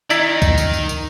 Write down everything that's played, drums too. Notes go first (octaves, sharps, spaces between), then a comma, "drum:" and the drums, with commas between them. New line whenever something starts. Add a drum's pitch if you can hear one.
D#3 D#4 E4 D5, drum: tambourine
drum: kick, tambourine
drum: tambourine
drum: tambourine
drum: tambourine